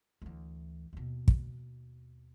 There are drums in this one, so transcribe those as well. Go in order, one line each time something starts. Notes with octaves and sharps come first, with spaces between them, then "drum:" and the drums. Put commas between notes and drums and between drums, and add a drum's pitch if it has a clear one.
D2 E3
D#2 B2
drum: kick